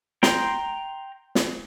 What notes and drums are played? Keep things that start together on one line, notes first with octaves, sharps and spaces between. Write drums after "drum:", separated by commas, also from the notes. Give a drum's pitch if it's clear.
G5 A#5 C6, drum: snare
drum: snare